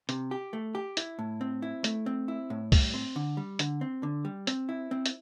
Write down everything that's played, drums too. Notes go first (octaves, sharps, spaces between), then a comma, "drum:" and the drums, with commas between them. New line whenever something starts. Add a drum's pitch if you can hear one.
C3, drum: hi-hat
G4
A3
G4
E4, drum: hi-hat
A2
C4
E4
A3, drum: hi-hat
C4
E4
A2
G3, drum: kick, open hi-hat
C4
D3
G3
D3, drum: hi-hat
C4
D3
G3
C4, drum: hi-hat
E4
C4
drum: hi-hat